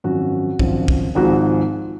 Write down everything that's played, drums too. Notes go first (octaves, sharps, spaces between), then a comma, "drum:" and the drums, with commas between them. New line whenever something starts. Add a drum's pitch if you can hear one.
G#1 F#2 F3 F#4
G#1 F#2 F3, drum: kick
drum: kick
G#1 G#2 F3 G#3 F#4